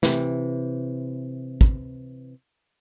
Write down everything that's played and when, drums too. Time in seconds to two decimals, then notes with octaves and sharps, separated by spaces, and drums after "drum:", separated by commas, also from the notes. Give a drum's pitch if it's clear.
0.03 C3 E3, drum: snare
1.61 drum: kick